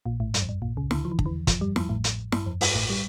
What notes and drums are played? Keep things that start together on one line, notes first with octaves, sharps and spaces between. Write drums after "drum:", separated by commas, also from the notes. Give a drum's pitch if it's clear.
A#1 A#2
A1 A2
G2, drum: hi-hat
F2
G2
A#1 A#2
C#2 C#3
D2 D3, drum: snare
F3
E3
D3, drum: kick
E2 E3
F2 F3, drum: kick, hi-hat
G2 G3
F2 F3, drum: snare
A1 A2
drum: hi-hat
G2, drum: snare
F2
G2, drum: open hi-hat
A1 A2
G3